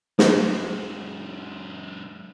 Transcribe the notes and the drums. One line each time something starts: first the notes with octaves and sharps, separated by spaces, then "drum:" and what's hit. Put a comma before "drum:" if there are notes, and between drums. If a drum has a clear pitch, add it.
F#2 G#3, drum: snare